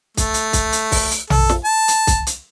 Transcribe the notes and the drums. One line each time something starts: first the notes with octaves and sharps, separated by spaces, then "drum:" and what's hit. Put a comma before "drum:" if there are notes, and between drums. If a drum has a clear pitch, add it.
A3, drum: kick, hi-hat
drum: hi-hat
drum: kick, hi-hat
drum: hi-hat
drum: kick, open hi-hat
drum: hi-hat
A4, drum: tom A#1
drum: snare
A5
drum: hi-hat
drum: kick, hi-hat
drum: hi-hat